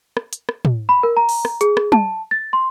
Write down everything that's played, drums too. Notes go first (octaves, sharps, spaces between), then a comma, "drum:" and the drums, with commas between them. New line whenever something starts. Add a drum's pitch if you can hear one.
drum: rim click
drum: hi-hat
drum: rim click
drum: tom
B5
A#4
A#5
drum: open hi-hat
drum: rim click
G#4, drum: hi-hat
drum: rim click
A5, drum: tom
A6
C6